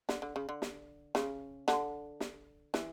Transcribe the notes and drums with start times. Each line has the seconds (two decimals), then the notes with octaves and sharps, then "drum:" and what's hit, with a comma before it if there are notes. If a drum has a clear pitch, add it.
0.09 D3, drum: snare
0.22 D3
0.36 C#3
0.49 D3
0.62 drum: snare
1.15 C#3, drum: snare
1.68 D3, drum: snare
2.20 drum: snare
2.74 E3, drum: snare